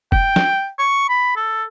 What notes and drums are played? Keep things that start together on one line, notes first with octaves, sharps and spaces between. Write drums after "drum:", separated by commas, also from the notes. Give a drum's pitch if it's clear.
G5, drum: kick F1
drum: snare
C#6
B5
A4